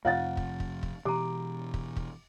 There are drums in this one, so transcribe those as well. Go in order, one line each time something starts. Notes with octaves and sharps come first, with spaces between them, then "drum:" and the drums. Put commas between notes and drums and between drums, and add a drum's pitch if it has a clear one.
F2 C3 F4 C#5 F5 F#5 A6
drum: kick
drum: kick
drum: kick
B2 E3 G4 A#5 D6
drum: kick
drum: kick